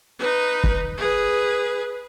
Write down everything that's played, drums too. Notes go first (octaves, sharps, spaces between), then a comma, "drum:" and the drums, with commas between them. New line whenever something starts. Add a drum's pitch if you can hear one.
D#4 B4
drum: kick
G#4 B4